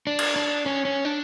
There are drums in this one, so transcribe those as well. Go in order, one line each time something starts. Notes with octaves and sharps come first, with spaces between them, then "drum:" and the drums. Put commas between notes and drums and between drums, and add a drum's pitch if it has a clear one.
D4
drum: cymbal
D4
C#4
C#4
D4